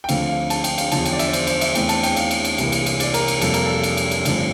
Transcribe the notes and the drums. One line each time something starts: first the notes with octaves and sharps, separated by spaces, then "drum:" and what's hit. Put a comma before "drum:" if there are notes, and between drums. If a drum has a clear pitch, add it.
G5
D2 D3 F3 C4 F5, drum: cymbal
F5
A5, drum: cymbal
G5, drum: cymbal
F5, drum: cymbal
E2 D3 F3 A5, drum: cymbal
G5, drum: cymbal
D5
E5, drum: cymbal
D5
C5, drum: cymbal
C5, drum: cymbal
E5, drum: cymbal
E2 E3 A3 C4 G5, drum: cymbal
A5, drum: cymbal
G5, drum: cymbal
F5, drum: cymbal
drum: cymbal
drum: cymbal
C2 C3 E3 A#3, drum: cymbal
drum: cymbal
drum: cymbal
D5, drum: cymbal
A#4, drum: cymbal
drum: cymbal
F2 C3 G3 A#3 A4, drum: cymbal
A#4, drum: cymbal
A4
drum: cymbal
drum: cymbal
drum: cymbal
G2 D3 F3 A3 C4, drum: cymbal